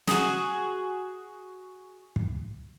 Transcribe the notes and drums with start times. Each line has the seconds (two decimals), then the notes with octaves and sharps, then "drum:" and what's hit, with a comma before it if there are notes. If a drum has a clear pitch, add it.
0.08 F#4 G#4, drum: snare
2.16 drum: kick